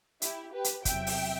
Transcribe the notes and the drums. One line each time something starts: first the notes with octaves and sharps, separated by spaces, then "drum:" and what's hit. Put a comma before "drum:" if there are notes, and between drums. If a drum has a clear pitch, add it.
E4 G4, drum: hi-hat
G4 B4
drum: hi-hat
E2 C3 F#3 E5 G5, drum: kick, hi-hat
drum: open hi-hat